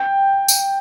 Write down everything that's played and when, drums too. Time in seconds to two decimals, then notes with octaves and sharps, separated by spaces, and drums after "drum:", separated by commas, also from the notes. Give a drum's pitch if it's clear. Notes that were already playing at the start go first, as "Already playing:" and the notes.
Already playing: G5
0.48 drum: tambourine